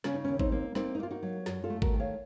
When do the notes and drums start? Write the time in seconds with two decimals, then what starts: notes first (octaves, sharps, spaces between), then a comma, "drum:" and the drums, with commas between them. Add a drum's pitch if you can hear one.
0.04 C#3 C#4, drum: snare
0.14 D#4
0.24 D#2 C#4
0.39 C4 D#4, drum: kick G#1
0.52 A#3
0.75 A#3 C4 D#4, drum: snare
0.95 D#4
0.99 A#3 F4
1.11 D#4 F#4
1.22 F#3
1.46 F#2, drum: snare
1.64 F4 A4
1.70 A3
1.82 F#4 A#4, drum: kick G#1
1.94 D#3
2.00 C#5 F5